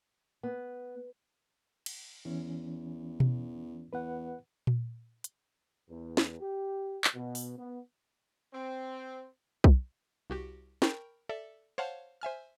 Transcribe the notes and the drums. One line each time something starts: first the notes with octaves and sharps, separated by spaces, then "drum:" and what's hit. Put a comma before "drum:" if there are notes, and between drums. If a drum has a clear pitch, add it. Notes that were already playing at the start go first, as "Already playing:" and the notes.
B3
drum: cymbal
E2 E3 C#4
drum: tom B2
E2 B4 F#5
drum: tom A#2
drum: hi-hat
E2
drum: snare
G4
drum: clap
B2
drum: open hi-hat
B3
C4
drum: kick B1
C2 F#4 G4
A#4 G5 A5 B5 C#6 G6, drum: snare
A4 D5 E5
C5 C#5 F5 F#5 A5
C5 E5 G#5 F6